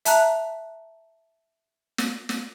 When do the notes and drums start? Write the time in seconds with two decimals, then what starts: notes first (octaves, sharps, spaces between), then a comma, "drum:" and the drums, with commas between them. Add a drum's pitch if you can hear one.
0.05 E5 A5 A#5 F#6, drum: hi-hat
1.98 drum: snare
2.29 drum: snare